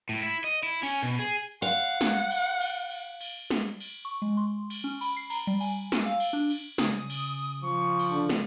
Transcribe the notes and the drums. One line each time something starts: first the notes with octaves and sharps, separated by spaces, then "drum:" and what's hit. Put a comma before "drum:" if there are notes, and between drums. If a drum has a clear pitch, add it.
A2
E4
D#5
E4
C#4, drum: cymbal
B2
G#4
F5 F#5
drum: snare
drum: cymbal
drum: cymbal
drum: cymbal
drum: cymbal
drum: snare
drum: cymbal
C#6
G#3
C6
drum: cymbal
C#4
B5, drum: cymbal
C7
A#5, drum: cymbal
G3
G#5, drum: cymbal
E6, drum: snare
F5
drum: cymbal
D4
drum: cymbal
C#3 D#6, drum: snare
drum: cymbal
F3 C#6
drum: cymbal
D3
drum: snare